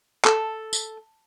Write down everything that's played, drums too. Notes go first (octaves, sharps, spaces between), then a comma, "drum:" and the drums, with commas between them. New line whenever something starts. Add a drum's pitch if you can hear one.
A4, drum: clap
drum: tambourine